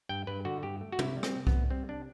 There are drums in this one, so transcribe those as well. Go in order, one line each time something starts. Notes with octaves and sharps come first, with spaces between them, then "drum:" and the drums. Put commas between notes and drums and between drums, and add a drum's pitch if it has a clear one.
G2 G5
G2 B4
D3 F#4
G2 G4
A3
F#4
C3 E4, drum: tom
G3
C4, drum: rim click
C3
B3, drum: kick C2
D2
G3 C4
C3 D4